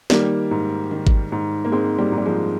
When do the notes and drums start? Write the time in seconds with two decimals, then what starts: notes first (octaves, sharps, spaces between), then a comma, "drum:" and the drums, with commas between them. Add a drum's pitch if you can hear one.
0.10 D#3 G3 A#3, drum: snare
0.51 G#2
0.91 D#3
1.07 drum: kick G#1
1.32 G#2
1.65 A#3
1.72 G#2 G#3 C4
1.98 G3 A#3
2.12 G#2
2.18 G3
2.26 F3 G#3